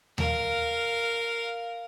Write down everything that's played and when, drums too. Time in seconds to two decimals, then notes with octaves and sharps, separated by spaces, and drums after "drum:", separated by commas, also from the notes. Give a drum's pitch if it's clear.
0.18 A#4 F5, drum: tom D#2